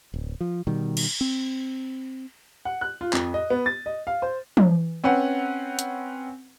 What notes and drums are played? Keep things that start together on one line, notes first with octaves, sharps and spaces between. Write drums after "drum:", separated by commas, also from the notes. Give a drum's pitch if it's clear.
D1
F3
B2 D#3 G3
drum: cymbal
C4
F#5
F#6
F4
F2, drum: clap
D#5
B3
A6
D#5
F5
C5
drum: tom
C4 C#4 B4 F#5
drum: hi-hat